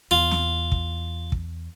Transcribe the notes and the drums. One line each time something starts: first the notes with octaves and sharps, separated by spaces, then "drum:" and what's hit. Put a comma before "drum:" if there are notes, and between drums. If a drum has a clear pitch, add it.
E2 F4
drum: snare
drum: kick
drum: kick